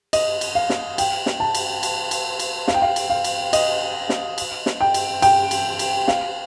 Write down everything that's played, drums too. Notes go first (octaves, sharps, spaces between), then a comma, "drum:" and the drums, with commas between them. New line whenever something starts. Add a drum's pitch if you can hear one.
D#5, drum: cymbal
drum: cymbal
F5
drum: snare
G5, drum: cymbal
drum: snare
A5
drum: cymbal
drum: cymbal
drum: cymbal
drum: cymbal
F5, drum: snare
G5
F5
drum: cymbal
F5
drum: cymbal
D#5, drum: cymbal
drum: snare
drum: cymbal
drum: snare
G5
drum: cymbal
G5, drum: cymbal
drum: cymbal
drum: cymbal
F5, drum: snare